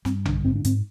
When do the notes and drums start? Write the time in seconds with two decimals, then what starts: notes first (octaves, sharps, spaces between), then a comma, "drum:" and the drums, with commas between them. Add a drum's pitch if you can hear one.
0.05 G2 C4, drum: snare
0.25 D3 D4, drum: tom A#1
0.44 G#2 C4
0.56 D4
0.65 G#2 C4, drum: hi-hat